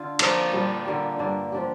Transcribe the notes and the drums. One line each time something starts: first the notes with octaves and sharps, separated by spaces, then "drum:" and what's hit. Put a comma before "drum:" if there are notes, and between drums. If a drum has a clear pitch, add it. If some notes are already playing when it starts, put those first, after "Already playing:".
Already playing: D3 F4
F3 A#3 D4, drum: cymbal
A#2 G3 D4
D3 A#3 G4
G2 D3 A#3 D4
F3 D4 G4